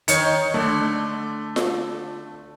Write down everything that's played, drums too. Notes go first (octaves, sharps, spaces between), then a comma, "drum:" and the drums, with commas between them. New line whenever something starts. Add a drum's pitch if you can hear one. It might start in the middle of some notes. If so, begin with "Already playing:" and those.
D#3 C#5 C#7, drum: hi-hat
D3 A3
drum: snare F4